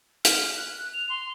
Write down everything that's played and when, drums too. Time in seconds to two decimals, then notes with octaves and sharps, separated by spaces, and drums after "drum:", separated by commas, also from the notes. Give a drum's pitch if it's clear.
0.25 F6, drum: hi-hat
0.57 F#6
0.78 F#6
0.93 F7
1.09 C6